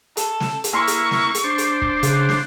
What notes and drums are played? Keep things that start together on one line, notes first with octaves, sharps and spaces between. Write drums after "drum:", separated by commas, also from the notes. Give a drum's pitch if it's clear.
A4, drum: hi-hat
drum: snare
drum: hi-hat
A#3 E4 C#6
drum: hi-hat
drum: snare
drum: hi-hat
D4 C5
drum: hi-hat
drum: kick
C#3 F#6, drum: hi-hat
drum: snare